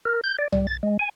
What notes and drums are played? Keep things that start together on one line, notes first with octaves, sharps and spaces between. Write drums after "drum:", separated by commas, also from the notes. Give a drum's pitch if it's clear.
A#4
G6
D5
G3, drum: tom B1
A6
G#3
G#5